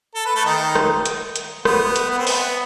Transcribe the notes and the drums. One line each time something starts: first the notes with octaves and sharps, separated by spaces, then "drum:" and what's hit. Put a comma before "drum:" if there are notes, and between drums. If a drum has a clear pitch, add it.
A4
B4
A3 A4
D#3 D#4
drum: rim click
drum: hi-hat
drum: hi-hat
B3, drum: rim click
drum: hi-hat
B3
C4
B3, drum: open hi-hat